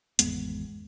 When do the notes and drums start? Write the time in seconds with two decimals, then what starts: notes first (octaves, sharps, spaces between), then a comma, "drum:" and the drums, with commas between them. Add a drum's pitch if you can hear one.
0.19 G#1 E2 G#3 B3, drum: hi-hat